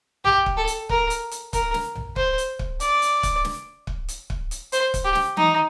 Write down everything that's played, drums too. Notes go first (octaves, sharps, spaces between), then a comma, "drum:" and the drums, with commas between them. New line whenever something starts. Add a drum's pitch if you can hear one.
G4, drum: tom A#1
drum: kick
A4
drum: hi-hat
A#4, drum: kick
drum: hi-hat
drum: hi-hat
A#4, drum: kick, hi-hat
drum: snare
drum: tom A#1
C5, drum: kick
drum: hi-hat
drum: kick
D5, drum: hi-hat
drum: hi-hat
drum: kick, hi-hat
drum: snare
drum: kick
drum: hi-hat
drum: kick
drum: hi-hat
C5, drum: hi-hat
drum: kick, hi-hat
G4
drum: snare
D#4, drum: tom E3